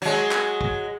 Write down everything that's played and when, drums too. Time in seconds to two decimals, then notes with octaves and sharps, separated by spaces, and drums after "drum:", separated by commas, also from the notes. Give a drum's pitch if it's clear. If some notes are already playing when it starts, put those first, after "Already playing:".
0.02 F#3 G#3
0.31 drum: clap
0.61 drum: kick